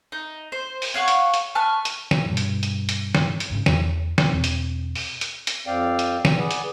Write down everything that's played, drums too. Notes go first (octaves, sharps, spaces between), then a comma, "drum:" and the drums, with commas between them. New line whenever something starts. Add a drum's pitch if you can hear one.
D#4
C5
drum: open hi-hat
C#5 F5 F#5 C#6
drum: hi-hat
drum: hi-hat
B4 A5 C#6 F6
drum: hi-hat
drum: snare
G2 B2
drum: hi-hat
drum: hi-hat
drum: hi-hat
drum: snare
drum: hi-hat
A#1 G#2 C#3
E2, drum: snare
drum: snare
E2 B2 C4
drum: hi-hat
drum: open hi-hat
drum: hi-hat
drum: hi-hat
F2 C4 D5 F5 G5
drum: hi-hat
drum: snare
G#4 B4 D5 F#5 G#5
drum: hi-hat